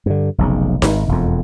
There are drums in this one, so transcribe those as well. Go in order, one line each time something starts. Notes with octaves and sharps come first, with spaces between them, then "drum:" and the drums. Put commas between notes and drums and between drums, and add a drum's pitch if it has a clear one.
G2 D3
F1 B1 C#3
G#1, drum: snare D#4
E1 F2